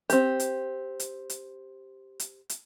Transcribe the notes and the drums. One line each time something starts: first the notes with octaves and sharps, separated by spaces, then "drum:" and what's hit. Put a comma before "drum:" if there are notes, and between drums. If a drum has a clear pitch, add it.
C4 G4, drum: hi-hat
drum: hi-hat
drum: hi-hat
drum: hi-hat
drum: hi-hat
drum: hi-hat